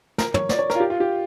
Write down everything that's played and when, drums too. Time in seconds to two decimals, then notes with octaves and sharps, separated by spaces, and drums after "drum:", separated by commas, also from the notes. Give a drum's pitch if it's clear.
0.18 A#4, drum: snare
0.34 C#5, drum: tom
0.49 D5, drum: snare
0.59 C#5
0.70 A#4, drum: rim click
0.75 F4
0.80 G4
0.90 F4
1.00 G4